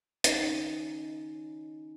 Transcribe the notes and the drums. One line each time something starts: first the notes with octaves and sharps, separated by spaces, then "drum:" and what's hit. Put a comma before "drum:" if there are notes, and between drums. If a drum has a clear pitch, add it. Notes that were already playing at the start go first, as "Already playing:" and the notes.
C#4 D#4, drum: hi-hat